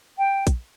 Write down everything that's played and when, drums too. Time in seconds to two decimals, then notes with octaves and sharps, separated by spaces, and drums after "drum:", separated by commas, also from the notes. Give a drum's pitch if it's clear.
0.18 G5
0.47 drum: kick, hi-hat